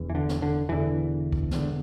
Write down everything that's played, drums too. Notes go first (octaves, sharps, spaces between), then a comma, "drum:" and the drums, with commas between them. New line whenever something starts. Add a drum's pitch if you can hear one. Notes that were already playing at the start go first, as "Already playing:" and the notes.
Already playing: E1 E2
E3
D3
drum: snare
D3
E1 E2 D3 E3
drum: kick
E1 E2 D3, drum: snare